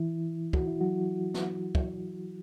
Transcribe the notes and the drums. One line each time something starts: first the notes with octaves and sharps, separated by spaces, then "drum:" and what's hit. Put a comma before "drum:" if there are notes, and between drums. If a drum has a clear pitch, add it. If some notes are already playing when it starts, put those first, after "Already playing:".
Already playing: E3 E4
F#4, drum: kick
E4
F#3 F#4
drum: snare
drum: kick